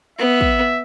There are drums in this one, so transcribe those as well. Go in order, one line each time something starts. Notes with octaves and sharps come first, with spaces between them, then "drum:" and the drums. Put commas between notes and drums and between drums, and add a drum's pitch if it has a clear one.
B3 E5
drum: kick